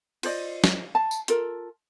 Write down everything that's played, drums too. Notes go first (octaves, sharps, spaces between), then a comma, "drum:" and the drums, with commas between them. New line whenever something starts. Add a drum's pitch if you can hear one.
F4 C5 D5 D#5, drum: cymbal
drum: snare
A5
drum: tambourine
F4 A4 A#4, drum: hi-hat